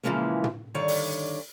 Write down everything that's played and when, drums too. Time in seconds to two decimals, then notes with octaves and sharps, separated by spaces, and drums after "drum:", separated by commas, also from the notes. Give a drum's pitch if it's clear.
0.03 A#2 C#3 E3 F3 G#3 A#3
0.44 drum: tom
0.74 G2 D3 D#3 C#5 D5
0.88 drum: open hi-hat